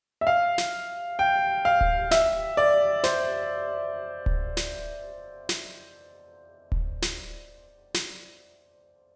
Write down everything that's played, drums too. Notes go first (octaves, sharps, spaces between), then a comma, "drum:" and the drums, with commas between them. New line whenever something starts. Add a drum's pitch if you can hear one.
E5
F5
drum: snare
G5
F5
drum: kick D1
E5, drum: snare
D5
C5, drum: snare
drum: kick D1
drum: snare
drum: snare
drum: kick D1
drum: snare
drum: snare